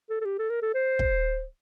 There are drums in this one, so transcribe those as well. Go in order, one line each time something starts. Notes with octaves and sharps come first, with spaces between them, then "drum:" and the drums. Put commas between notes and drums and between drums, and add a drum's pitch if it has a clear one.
A4
A4
G4
A4
A#4
A4
C5
drum: kick